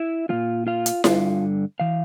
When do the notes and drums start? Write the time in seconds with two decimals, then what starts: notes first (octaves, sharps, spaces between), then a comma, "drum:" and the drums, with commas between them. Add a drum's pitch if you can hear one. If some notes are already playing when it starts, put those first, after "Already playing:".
Already playing: E4 E5
0.29 A#2 G3 F4 F5
0.67 F4 F5
0.86 drum: hi-hat
1.04 G2 D3 G3 F4 F5, drum: snare E4
1.80 E3 F5